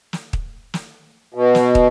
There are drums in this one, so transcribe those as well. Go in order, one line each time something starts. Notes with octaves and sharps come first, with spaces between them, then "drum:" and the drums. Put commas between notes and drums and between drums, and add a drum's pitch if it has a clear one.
drum: snare
drum: kick
drum: snare
B2
drum: snare
drum: kick